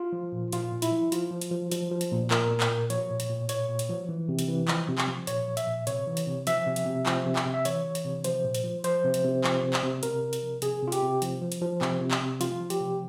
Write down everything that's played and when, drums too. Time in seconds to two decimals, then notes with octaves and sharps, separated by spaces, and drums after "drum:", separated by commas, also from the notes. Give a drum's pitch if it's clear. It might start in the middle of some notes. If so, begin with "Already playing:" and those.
Already playing: F4
0.13 F3
0.32 A#2
0.52 A#2 F4, drum: hi-hat
0.72 A#2
0.82 E4, drum: hi-hat
0.92 F3
1.12 F3 F4, drum: hi-hat
1.31 F3
1.41 drum: hi-hat
1.51 F3
1.72 F3, drum: hi-hat
1.91 F3
2.01 drum: hi-hat
2.11 A#2
2.31 A#2 A#4, drum: clap
2.51 A#2
2.60 drum: clap
2.71 A#2
2.90 F3 C#5, drum: hi-hat
3.10 A#2
3.20 drum: hi-hat
3.30 A#2
3.49 A#2 C#5, drum: hi-hat
3.69 A#2
3.79 drum: hi-hat
3.89 F3
4.09 E3
4.29 C3
4.39 drum: hi-hat
4.48 E3
4.68 F3, drum: clap
4.88 C3
4.98 drum: clap
5.08 F3
5.27 A#2 C#5, drum: hi-hat
5.48 F3
5.57 E5, drum: hi-hat
5.67 A#2
5.87 C3 C#5, drum: hi-hat
6.07 E3
6.17 drum: hi-hat
6.27 C3
6.47 F3 E5, drum: hi-hat
6.66 C3
6.76 drum: hi-hat
6.86 C3
7.06 F3, drum: clap
7.26 C3
7.36 drum: clap
7.45 C3
7.54 E5
7.65 E3 C#5, drum: hi-hat
7.85 E3
7.95 drum: hi-hat
8.05 C3
8.24 F3 C5, drum: hi-hat
8.45 A#2
8.55 drum: hi-hat
8.64 F3
8.84 F3 C5, drum: hi-hat
9.04 C3
9.14 drum: hi-hat
9.24 C3
9.44 F3, drum: clap
9.63 C3
9.73 drum: clap
9.83 C3
10.03 C3 A#4, drum: hi-hat
10.23 C3
10.33 drum: hi-hat
10.43 F3
10.62 C3 G#4, drum: hi-hat
10.82 C3
10.88 F4
10.92 G4, drum: hi-hat
11.03 C3
11.22 F3, drum: hi-hat
11.42 F3
11.52 drum: hi-hat
11.61 F3
11.81 C3, drum: clap
12.01 C3
12.11 drum: clap
12.21 C3
12.41 F3 F4, drum: hi-hat
12.60 F3
12.70 G4, drum: hi-hat
12.81 C3